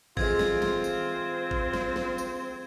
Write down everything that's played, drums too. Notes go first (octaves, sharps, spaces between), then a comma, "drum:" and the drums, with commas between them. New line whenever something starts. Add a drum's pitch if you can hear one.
A2 E3 G#3 C4 F4 G#6, drum: kick G#1
drum: snare
drum: snare
drum: tambourine
drum: kick G#1
drum: snare
drum: snare
drum: tambourine